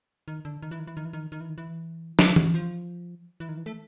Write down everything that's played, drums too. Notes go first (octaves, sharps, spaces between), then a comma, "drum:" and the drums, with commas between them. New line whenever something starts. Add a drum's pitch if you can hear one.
D#3
D3
D#3
E3
D#3
E3
D#3
E3
D#3
D#3
E3
D#3
E3
drum: snare
F#3, drum: tom E3
F3
E3
D#3
E3
A3